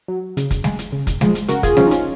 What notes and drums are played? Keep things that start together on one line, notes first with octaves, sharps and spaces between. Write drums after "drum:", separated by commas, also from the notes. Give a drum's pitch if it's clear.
F#3
C#3, drum: hi-hat
drum: kick, hi-hat
G#3, drum: snare G3
drum: hi-hat
C#3
drum: kick, hi-hat
F3 G#3, drum: snare G3
drum: hi-hat
C#3 F#4 A#4, drum: hi-hat
F4 G#4, drum: kick, hi-hat
F3 G#3 C#4 F4, drum: snare G3
D#4
C#4 F4, drum: hi-hat